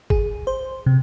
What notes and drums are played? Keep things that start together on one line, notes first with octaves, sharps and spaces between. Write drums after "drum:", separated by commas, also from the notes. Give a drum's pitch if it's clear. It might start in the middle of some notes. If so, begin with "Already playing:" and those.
G#4, drum: kick
C5
C3